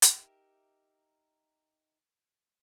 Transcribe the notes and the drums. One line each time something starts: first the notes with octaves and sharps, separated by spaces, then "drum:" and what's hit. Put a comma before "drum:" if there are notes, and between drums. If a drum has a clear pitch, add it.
D#4 G4 A#4 E5, drum: hi-hat